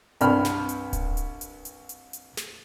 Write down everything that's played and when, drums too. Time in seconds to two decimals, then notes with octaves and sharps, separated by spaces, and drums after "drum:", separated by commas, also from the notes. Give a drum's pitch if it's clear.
0.21 C2 G2 D4 G5 B5 F6, drum: hi-hat
0.45 drum: snare
0.69 drum: hi-hat
0.93 drum: kick D1, hi-hat
1.17 drum: hi-hat
1.41 drum: hi-hat
1.65 drum: hi-hat
1.89 drum: hi-hat
2.13 drum: hi-hat
2.37 drum: snare